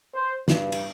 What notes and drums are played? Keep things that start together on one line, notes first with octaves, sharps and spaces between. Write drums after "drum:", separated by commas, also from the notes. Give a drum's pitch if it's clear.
C5
G2, drum: snare
drum: cymbal